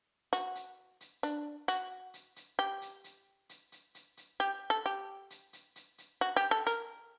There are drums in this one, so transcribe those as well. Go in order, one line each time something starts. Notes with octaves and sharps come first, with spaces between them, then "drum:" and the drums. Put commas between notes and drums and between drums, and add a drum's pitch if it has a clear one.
F#4, drum: hi-hat
drum: hi-hat
drum: hi-hat
D4, drum: hi-hat
F#4, drum: hi-hat
drum: hi-hat
drum: hi-hat
G4
drum: hi-hat
drum: hi-hat
drum: hi-hat
drum: hi-hat
drum: hi-hat
drum: hi-hat
G4
A4
G4
drum: hi-hat
drum: hi-hat
drum: hi-hat
drum: hi-hat
F#4
G4
A4
A#4, drum: hi-hat